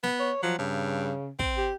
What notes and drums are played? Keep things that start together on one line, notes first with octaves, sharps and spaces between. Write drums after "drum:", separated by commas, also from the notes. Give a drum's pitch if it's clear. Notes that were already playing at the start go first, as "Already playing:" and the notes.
B3, drum: snare
C#5
F3 F#3
G2 C#3
C4, drum: kick
G4